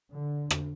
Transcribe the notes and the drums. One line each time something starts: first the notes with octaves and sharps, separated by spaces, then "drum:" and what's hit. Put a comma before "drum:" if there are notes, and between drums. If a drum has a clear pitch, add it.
D3
drum: rim click